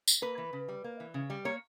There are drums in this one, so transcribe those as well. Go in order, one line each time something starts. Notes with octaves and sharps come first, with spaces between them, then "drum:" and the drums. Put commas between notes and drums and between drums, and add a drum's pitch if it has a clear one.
drum: tambourine
A#3 B4
E3
C#3
G3
A#3
E3
C#3
G3
A#3 C#5